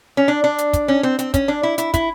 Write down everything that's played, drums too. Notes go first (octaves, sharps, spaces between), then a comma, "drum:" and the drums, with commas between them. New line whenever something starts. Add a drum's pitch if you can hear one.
C#4
D4
D4
drum: hi-hat
drum: kick, hi-hat
C#4
C4
C4, drum: hi-hat
C#4, drum: kick, hi-hat
D4
E4
E4, drum: hi-hat
E4, drum: kick, hi-hat